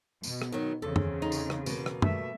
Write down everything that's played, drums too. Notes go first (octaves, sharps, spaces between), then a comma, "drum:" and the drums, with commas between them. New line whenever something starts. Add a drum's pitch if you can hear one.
B2, drum: tambourine
drum: rim click
D#3 F#3
E2 C#3 C4 A4
drum: tom
D#4
drum: tambourine
drum: rim click
B2 A#3, drum: tambourine
drum: rim click
G3 A3 E5, drum: tom